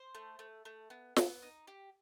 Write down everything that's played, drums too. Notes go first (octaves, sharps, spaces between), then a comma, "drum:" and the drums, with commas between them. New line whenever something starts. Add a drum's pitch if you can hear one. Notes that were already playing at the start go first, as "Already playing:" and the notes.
Already playing: C5
A3
A3
A3
B3
B3, drum: snare
D#4
G4